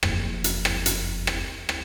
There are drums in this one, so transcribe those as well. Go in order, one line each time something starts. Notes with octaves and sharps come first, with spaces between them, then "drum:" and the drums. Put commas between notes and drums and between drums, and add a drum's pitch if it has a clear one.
F#1 F2, drum: rim click
drum: hi-hat
drum: rim click
drum: hi-hat
drum: rim click
drum: rim click